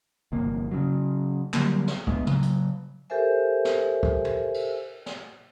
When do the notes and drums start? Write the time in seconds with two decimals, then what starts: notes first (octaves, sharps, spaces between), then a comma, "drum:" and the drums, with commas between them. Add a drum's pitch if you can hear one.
0.32 G1 F2 C3 A#3
0.71 C#3 F#3
1.54 D3 F#3 G3 A#3, drum: clap
1.87 drum: snare
2.07 F1 G#3 B3 D4, drum: kick
2.27 C#3 F#3, drum: tom
2.42 drum: hi-hat
3.10 G4 A4 A#4 C5 E5 G#5
3.65 drum: snare
4.03 drum: kick
4.24 drum: tom
4.54 drum: cymbal
5.06 drum: snare